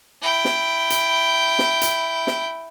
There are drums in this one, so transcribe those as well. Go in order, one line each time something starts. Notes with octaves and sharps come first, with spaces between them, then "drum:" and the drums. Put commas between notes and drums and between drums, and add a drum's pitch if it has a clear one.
E4 G5
drum: snare
drum: hi-hat
drum: snare
drum: hi-hat
drum: snare